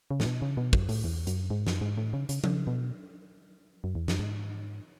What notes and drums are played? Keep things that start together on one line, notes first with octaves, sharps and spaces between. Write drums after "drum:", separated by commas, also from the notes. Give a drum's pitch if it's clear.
C#3
A2, drum: snare
B2
C#3
B2
F#2, drum: kick
A2, drum: open hi-hat
E2
F#2, drum: hi-hat
G#2
F#2, drum: snare
G#2
A2
C#3
C#3, drum: hi-hat
C#3, drum: tom F3
B2
F#2
E2
F#2, drum: snare
G#2